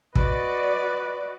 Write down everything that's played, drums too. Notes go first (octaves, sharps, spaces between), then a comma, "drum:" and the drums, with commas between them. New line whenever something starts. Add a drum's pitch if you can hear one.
F#4 B4 D5 D#5, drum: kick